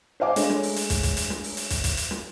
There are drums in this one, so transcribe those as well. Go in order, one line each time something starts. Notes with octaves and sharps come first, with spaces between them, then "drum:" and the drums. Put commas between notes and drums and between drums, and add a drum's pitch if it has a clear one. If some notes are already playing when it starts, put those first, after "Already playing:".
C5 C#5 D#5 F5 G#5 D6
G#3 A3 D4 C#5, drum: hi-hat
drum: snare
drum: open hi-hat
drum: hi-hat
drum: kick, hi-hat
drum: kick, hi-hat
drum: hi-hat
drum: snare
drum: open hi-hat
drum: hi-hat
drum: kick, hi-hat
drum: kick, hi-hat
drum: hi-hat
drum: snare